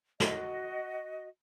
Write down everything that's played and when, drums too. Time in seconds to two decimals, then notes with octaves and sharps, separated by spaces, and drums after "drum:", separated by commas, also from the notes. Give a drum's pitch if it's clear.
0.20 F#4 D#5, drum: snare